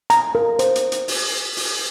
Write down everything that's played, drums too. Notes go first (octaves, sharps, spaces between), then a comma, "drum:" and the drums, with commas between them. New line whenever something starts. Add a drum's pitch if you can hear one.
A#5, drum: hi-hat
A#4
C5, drum: hi-hat
drum: hi-hat
drum: hi-hat
drum: open hi-hat
drum: open hi-hat